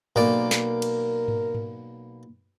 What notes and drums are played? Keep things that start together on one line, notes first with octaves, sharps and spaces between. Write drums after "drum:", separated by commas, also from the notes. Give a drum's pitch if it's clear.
B1 A#3 A#4 D5, drum: tom G#2
drum: snare
drum: cymbal
drum: tom G#2
drum: tom G#2